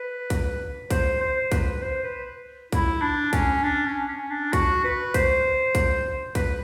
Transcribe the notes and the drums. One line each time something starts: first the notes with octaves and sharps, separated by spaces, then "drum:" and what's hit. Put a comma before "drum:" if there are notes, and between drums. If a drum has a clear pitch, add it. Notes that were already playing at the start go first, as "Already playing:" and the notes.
Already playing: B4
drum: kick, hi-hat
C5, drum: kick, hi-hat
C5
B4, drum: kick, hi-hat
C5
B4
E4, drum: kick, hi-hat
D4
C#4, drum: kick, hi-hat
D4
C#4
C#4
D4
F#4, drum: kick, hi-hat
B4
C5, drum: kick, hi-hat
drum: kick, hi-hat
B4, drum: kick, hi-hat